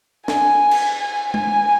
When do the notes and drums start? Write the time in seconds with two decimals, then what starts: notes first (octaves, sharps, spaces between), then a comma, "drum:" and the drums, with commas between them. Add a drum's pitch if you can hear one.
0.28 G#5, drum: snare
0.71 drum: cymbal
0.99 G#5
1.34 G#5, drum: tom G#3